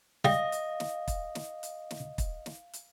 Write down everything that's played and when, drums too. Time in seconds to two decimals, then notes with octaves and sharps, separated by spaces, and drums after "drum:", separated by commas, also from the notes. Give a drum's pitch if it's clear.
0.25 G3 D#5 F5, drum: snare
0.52 drum: hi-hat
0.80 drum: snare
1.08 drum: kick, hi-hat
1.35 drum: snare
1.63 drum: hi-hat
1.91 drum: snare
2.18 drum: kick, hi-hat
2.46 drum: snare
2.73 drum: hi-hat